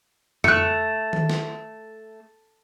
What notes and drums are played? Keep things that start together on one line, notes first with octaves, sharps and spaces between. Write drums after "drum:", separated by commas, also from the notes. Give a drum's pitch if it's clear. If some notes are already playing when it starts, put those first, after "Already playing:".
A3 F#6 C#7, drum: tom F2
drum: tom D#3
drum: snare